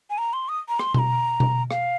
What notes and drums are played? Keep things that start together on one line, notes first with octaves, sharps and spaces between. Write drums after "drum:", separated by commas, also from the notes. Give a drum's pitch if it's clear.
G#5
A#5
C6
D#6
A#5
C6, drum: rim click
C6, drum: tom B2
A#5
drum: tom B2
F5, drum: rim click